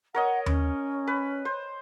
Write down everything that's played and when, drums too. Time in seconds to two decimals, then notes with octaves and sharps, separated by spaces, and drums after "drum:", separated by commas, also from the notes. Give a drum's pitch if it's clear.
0.14 A#4 C#5 D#5 F#5
0.46 C#4, drum: tom D#2
1.07 B4
1.45 C5